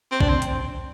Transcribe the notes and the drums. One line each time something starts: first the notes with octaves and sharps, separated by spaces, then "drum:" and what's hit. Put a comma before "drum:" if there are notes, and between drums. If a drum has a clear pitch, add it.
C4
D4, drum: kick A#1
C4
drum: hi-hat